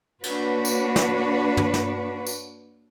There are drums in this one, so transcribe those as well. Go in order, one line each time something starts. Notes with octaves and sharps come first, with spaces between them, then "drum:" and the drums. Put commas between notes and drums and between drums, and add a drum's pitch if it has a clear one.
A#3 D4 F#4 B4 C#5, drum: cymbal
drum: tambourine
drum: snare
drum: tom
drum: snare
drum: tambourine